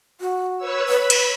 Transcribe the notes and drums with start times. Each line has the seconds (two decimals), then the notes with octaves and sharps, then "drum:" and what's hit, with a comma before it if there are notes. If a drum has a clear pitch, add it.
0.21 F#4
0.57 B4 C#5 E6
0.89 B4 B5
1.10 drum: cymbal